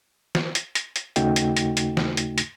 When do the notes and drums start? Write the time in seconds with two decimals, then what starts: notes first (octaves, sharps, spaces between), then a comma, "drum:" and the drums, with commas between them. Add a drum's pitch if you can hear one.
0.35 drum: snare
0.55 drum: hi-hat
0.75 drum: hi-hat
0.96 drum: hi-hat
1.16 D#2 C#3 A3 D#4 F#4 G5, drum: hi-hat
1.36 drum: hi-hat
1.57 drum: hi-hat
1.77 drum: hi-hat
1.97 drum: snare
2.17 drum: hi-hat
2.38 drum: hi-hat